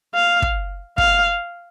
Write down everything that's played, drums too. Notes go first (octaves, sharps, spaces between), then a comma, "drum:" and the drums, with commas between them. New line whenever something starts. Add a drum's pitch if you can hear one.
F5
drum: kick
F5, drum: kick